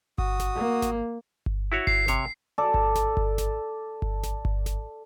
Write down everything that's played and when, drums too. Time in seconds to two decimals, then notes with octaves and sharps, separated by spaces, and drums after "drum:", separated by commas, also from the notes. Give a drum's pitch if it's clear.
0.18 F#4 D#6, drum: kick G1
0.40 drum: snare G#1
0.55 A#3
0.82 drum: snare G#1
1.46 drum: kick G1
1.72 E4 F#4 C#5
1.87 C7, drum: kick G1
2.08 C3 C#5, drum: snare G#1
2.58 A4 D5
2.74 drum: kick G1
2.96 drum: snare G#1
3.17 drum: kick G1
3.38 drum: snare G#1
4.02 drum: kick G1
4.23 drum: snare G#1
4.45 drum: kick G1
4.66 drum: snare G#1